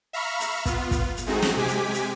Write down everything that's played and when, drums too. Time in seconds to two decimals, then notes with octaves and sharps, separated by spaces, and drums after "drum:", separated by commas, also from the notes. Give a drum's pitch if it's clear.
0.13 E5 F5 A#5 B5 C#6 F6
0.40 drum: hi-hat
0.66 B3 F4, drum: kick, hi-hat
0.91 drum: kick, hi-hat
1.17 drum: hi-hat
1.27 G#3 A3 C4 D#4 F#4 G#4
1.42 drum: snare
1.57 C3 G#3 G4 G#5 D6 B6
1.68 drum: hi-hat
1.94 drum: hi-hat